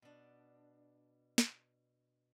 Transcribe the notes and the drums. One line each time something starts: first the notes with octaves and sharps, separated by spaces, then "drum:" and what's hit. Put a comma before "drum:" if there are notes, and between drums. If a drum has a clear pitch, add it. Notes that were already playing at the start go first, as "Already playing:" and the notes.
B2 D4
drum: snare